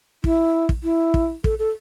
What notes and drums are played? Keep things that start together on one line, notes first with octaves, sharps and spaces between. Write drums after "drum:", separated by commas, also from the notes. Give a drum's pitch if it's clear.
E4, drum: kick
drum: kick
E4
drum: kick
A4, drum: kick
A4